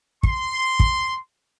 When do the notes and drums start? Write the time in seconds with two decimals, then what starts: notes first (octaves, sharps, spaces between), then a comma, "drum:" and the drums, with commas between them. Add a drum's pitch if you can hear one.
0.23 C6, drum: kick
0.80 drum: kick